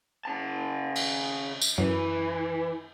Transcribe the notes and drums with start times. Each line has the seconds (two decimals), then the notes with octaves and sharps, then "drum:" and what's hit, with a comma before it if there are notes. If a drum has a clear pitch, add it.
0.25 C#3 A5
0.95 drum: cymbal
1.62 drum: tambourine
1.78 F#2 E3